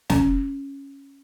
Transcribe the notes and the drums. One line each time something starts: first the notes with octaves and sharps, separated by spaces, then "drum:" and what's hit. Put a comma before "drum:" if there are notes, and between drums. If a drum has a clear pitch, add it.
C#4, drum: snare